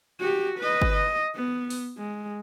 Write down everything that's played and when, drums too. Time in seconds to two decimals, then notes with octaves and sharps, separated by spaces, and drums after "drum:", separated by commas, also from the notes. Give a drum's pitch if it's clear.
0.21 F#4 G4
0.59 B4 D#5
0.82 drum: kick G1
0.93 D#5
1.36 B3
1.70 drum: open hi-hat
1.98 G#3